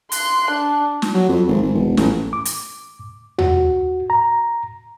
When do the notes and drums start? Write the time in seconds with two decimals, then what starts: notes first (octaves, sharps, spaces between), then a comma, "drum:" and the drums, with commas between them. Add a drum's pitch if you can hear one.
0.12 C6 F#6, drum: hi-hat
0.52 D4
1.02 drum: snare
1.14 F#3
1.29 F2
1.48 G#1
1.63 G#1
1.75 E1
1.97 A1, drum: snare
2.33 D6
2.45 drum: hi-hat
3.38 F#4, drum: tom D#2
4.10 A#5